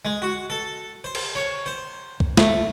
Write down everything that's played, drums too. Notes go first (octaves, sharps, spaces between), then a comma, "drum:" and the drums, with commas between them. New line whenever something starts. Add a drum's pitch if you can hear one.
G#3
F#4
A4
C5
drum: cymbal
C#5
C5
drum: kick
A3, drum: snare